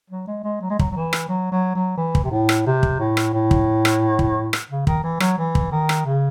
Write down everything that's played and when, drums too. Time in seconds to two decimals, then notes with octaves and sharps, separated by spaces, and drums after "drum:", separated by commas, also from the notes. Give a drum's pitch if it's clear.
0.10 F#3
0.27 G#3
0.44 G#3
0.61 F#3
0.70 G#3
0.79 F#3, drum: kick
0.91 F#3
0.96 E3
1.13 drum: rim click
1.29 F#3
1.52 F#3
1.75 F#3
1.97 E3
2.15 drum: kick
2.24 C3
2.31 A2
2.49 drum: rim click
2.66 C3
2.83 drum: kick
3.00 A2
3.17 drum: rim click
3.33 A2
3.51 drum: kick
3.85 drum: rim click
4.19 drum: kick
4.53 drum: rim click
4.70 C#3
4.87 D#3, drum: kick
5.04 E3
5.20 F#3, drum: rim click
5.38 E3
5.55 drum: kick
5.72 D#3
5.89 drum: rim click
6.06 C#3